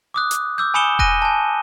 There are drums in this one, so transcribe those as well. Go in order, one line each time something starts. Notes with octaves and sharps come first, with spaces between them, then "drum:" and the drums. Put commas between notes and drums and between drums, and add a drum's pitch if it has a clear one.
D6 D#6 F#6
drum: hi-hat
D6 E6 G6
G#5 B5 D#6 C#7 E7 G7
G#5 F#6 A#6 D#7 G7, drum: kick E1
G#5 A5